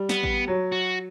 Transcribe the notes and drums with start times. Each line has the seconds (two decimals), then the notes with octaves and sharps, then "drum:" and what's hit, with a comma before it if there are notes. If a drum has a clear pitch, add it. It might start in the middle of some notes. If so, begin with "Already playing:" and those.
Already playing: G3
0.09 B3, drum: snare
0.23 drum: kick A1
0.48 F#3
0.72 F#4